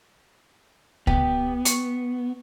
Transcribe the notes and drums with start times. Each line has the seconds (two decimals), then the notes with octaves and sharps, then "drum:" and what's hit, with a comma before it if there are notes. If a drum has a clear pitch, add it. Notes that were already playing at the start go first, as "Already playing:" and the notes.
1.07 B3 G4, drum: kick C#2
1.65 C#6, drum: hi-hat